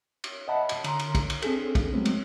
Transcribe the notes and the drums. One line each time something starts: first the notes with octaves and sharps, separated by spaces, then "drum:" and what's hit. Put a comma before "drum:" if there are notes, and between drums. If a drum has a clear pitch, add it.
drum: cymbal
D#5 E5 F#5 A5 B5
drum: cymbal
D3 A#5 C6, drum: cymbal
drum: cymbal
drum: kick, cymbal
drum: cymbal
C4 D4 G#4 A4, drum: cymbal
drum: kick, cymbal
F#3 G#3 A3 B3 C4
drum: cymbal